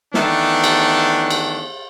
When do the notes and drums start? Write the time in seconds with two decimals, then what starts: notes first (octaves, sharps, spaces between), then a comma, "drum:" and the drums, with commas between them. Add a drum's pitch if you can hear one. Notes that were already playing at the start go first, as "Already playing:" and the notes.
0.14 D#3 E3 A3 B3 D4, drum: snare
0.64 drum: cymbal
1.30 drum: cymbal